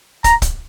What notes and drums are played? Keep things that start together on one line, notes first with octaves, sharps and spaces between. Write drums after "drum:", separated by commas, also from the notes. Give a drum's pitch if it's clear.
A#5, drum: kick, hi-hat
drum: kick, hi-hat